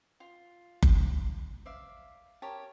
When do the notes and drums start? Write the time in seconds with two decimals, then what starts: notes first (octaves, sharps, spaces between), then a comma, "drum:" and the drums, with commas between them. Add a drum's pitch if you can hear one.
0.20 F4
0.83 drum: kick F#1
1.66 D5 E5 F5
2.42 G4 A#4 C#5 A5